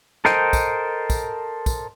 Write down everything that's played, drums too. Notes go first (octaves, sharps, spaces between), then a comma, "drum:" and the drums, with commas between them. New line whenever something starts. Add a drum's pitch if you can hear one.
A4 A#4 C5 D#5 G5, drum: snare
drum: kick, tambourine
drum: kick, tambourine
drum: kick, tambourine